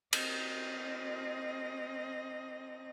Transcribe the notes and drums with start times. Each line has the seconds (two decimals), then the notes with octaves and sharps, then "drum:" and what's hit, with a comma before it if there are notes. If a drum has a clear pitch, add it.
0.13 C4 D#5, drum: cymbal